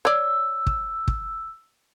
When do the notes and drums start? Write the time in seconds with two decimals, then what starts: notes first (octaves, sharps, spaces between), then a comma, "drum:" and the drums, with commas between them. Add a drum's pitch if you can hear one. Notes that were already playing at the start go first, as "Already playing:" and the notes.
0.05 C#5 D5 E6
0.67 drum: kick
1.08 drum: kick